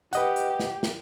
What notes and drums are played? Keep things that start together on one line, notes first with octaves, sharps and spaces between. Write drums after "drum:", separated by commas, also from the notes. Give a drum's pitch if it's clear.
G4 B4 D#5 F#5, drum: hi-hat
drum: hi-hat
drum: snare
drum: snare